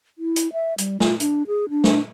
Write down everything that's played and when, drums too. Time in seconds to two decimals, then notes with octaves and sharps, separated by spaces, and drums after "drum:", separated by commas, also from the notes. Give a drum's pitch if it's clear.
0.18 E4
0.36 drum: hi-hat
0.53 E5
0.78 G3, drum: hi-hat
1.00 F4, drum: snare
1.20 D4, drum: hi-hat
1.47 G#4
1.70 D4
1.84 drum: snare